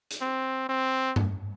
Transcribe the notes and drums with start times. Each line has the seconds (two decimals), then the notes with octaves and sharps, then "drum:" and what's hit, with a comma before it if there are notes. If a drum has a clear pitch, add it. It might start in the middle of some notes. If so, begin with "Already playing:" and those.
0.11 drum: hi-hat
0.21 C4
0.69 C4
1.16 drum: tom G2